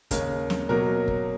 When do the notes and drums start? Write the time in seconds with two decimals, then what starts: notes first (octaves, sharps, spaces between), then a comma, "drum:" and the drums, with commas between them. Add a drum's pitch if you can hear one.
0.11 D#2 C#3 G#3 C#4 A#4, drum: kick, hi-hat
0.50 drum: snare
0.69 B2 F#3 A#3 A#4
1.08 drum: kick